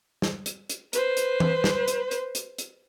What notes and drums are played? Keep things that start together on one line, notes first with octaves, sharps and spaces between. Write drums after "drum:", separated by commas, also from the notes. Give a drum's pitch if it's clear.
drum: snare
drum: hi-hat
drum: hi-hat
B4 C5, drum: hi-hat
drum: hi-hat
drum: tom E3
drum: snare
drum: hi-hat
drum: hi-hat
drum: hi-hat
drum: hi-hat